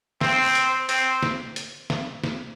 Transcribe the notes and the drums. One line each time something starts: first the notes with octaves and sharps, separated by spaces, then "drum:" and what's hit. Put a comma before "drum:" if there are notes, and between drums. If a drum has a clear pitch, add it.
C4, drum: snare
drum: hi-hat
C4, drum: hi-hat
drum: snare
drum: hi-hat
drum: snare
drum: snare